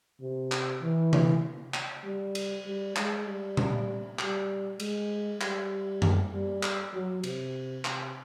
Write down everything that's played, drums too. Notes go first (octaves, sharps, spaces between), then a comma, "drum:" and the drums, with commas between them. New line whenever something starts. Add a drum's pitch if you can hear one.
C3
drum: clap
E3
drum: tom C3
drum: clap
G3
drum: cymbal
G3
G#3, drum: clap
G3
drum: tom A#2
G3, drum: clap
G#3, drum: cymbal
G3, drum: clap
drum: tom F#2
G3
drum: clap
F#3
C3, drum: cymbal
C3, drum: clap